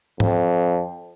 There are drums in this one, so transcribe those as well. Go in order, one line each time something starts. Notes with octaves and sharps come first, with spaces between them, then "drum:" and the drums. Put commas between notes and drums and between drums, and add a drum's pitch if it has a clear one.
F2, drum: tom G#2